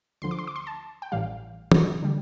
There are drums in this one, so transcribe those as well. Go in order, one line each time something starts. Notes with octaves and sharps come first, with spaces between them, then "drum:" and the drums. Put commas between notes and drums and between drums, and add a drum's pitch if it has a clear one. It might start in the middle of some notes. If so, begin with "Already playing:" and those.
D2 D3 F3 C6
D6
C6
D6
C6
A5
G5
A1 A2 E3 G3 F5
drum: tom
D3 G3